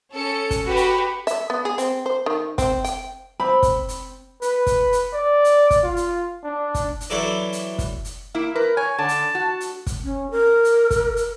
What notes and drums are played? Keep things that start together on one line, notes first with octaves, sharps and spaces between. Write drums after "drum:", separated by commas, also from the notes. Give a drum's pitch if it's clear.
C#4 A4 C#7
drum: kick, hi-hat
F#4 G4 B4
drum: hi-hat
E5, drum: hi-hat
B3
G#4
C4, drum: hi-hat
C5
D#3
C4, drum: kick, hi-hat
G5, drum: hi-hat
C4 B5
drum: kick, hi-hat
drum: hi-hat
B4, drum: hi-hat
drum: kick, hi-hat
drum: hi-hat
D5
drum: hi-hat
drum: kick, hi-hat
F4
drum: hi-hat
D4
drum: kick, hi-hat
drum: hi-hat
E3 F#3 E4 A4 D5
drum: hi-hat
drum: kick, hi-hat
drum: hi-hat
A#3 E4 E5
A#4 B4
C#5 G#5
D3 A5
drum: hi-hat
F#4
drum: hi-hat
drum: kick, hi-hat
C#4
A#4
drum: hi-hat
drum: kick, hi-hat
drum: hi-hat